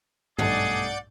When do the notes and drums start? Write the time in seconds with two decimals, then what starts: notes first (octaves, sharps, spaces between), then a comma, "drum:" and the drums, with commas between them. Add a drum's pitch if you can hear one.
0.38 B1 G2 A3 G#4 D5 F#5 G6 A6, drum: tom